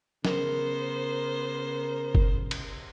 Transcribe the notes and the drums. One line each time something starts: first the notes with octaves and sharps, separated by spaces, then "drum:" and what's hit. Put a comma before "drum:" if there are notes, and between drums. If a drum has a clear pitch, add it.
C#3 B3 A#4 C5, drum: snare
drum: kick F#1
drum: cymbal